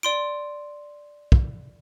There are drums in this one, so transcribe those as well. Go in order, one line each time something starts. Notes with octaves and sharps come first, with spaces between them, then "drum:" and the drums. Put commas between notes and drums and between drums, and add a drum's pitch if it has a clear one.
D5 C6 D7
drum: kick